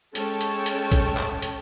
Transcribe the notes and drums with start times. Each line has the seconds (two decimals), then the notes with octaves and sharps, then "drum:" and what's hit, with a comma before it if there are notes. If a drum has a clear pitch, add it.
0.15 G#3 C#4 A4 C#5 G5 A5, drum: hi-hat
0.41 drum: hi-hat
0.66 drum: hi-hat
0.92 drum: kick, hi-hat
1.17 drum: clap
1.42 drum: hi-hat